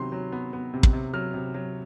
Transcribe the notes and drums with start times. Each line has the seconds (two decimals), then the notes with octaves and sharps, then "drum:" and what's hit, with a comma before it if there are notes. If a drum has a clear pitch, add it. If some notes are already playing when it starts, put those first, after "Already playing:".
Already playing: C3 D#3 F#3 B3 C6
0.12 F#3
0.32 B3
0.53 B3
0.74 C3
0.83 drum: kick
0.93 C3
1.14 F#3 F6
1.34 C3
1.54 F#3